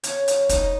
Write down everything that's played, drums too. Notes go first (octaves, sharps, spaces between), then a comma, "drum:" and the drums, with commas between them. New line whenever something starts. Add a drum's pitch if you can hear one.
C#3 C#4 C#5, drum: hi-hat
F#3, drum: hi-hat
C#3 D#4 D#5, drum: kick, hi-hat